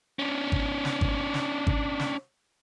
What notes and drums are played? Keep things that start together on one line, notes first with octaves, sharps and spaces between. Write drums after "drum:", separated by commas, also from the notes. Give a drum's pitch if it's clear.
C#4 D4
drum: kick G#1
drum: snare
drum: kick G#1
drum: snare
drum: kick G#1
drum: snare